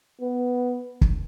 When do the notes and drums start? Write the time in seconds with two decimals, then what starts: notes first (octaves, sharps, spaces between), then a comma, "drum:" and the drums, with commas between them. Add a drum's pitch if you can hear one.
0.22 B3
1.01 drum: kick